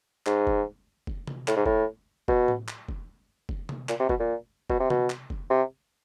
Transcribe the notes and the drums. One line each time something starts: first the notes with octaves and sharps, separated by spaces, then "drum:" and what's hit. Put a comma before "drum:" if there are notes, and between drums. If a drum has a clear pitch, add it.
G#2, drum: clap
drum: kick
drum: kick
drum: tom C3
A2, drum: clap
G#2
A2, drum: kick
B2, drum: kick
drum: tom A2
drum: clap
drum: kick
drum: kick
drum: tom C3
A#2, drum: clap
C3
B2, drum: kick
A#2
B2, drum: kick
C3
B2, drum: tom C3
drum: clap
drum: kick
C3